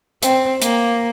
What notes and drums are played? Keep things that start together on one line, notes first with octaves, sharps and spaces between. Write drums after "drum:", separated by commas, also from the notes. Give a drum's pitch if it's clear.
C4, drum: hi-hat
A#3, drum: hi-hat